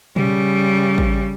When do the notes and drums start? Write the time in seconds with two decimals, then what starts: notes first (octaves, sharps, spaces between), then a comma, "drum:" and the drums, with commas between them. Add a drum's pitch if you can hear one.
0.16 C#3 G3, drum: tom
0.98 drum: kick